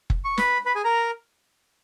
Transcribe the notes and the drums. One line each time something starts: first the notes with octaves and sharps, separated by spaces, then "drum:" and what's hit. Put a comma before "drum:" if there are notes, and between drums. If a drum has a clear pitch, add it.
drum: kick
C#6
B4 B5, drum: snare
B4 B5
G#4 G#5
A#4 A#5